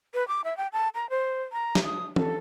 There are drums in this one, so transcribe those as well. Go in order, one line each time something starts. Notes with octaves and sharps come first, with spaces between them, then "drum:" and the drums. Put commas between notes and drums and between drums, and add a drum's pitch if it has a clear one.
B4
D6
E5
G5
A5
A#5
C5
A#5
drum: snare
D#6
A4, drum: tom